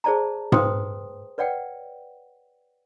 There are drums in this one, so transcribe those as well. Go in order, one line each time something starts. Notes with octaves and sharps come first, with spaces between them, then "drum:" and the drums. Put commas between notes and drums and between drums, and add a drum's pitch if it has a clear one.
G#4 C5 D5 A5 A#5
B4 C5 G5 C6 D#6, drum: tom G#2
B4 C#5 D5 F#5 G5